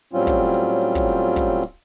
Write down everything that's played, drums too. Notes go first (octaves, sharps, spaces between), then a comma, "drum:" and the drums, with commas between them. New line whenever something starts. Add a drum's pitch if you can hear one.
A2 F#3 G3 C4 C#4 F4
drum: kick, hi-hat
drum: hi-hat
drum: hi-hat
drum: kick, open hi-hat
drum: hi-hat
drum: kick, hi-hat
drum: hi-hat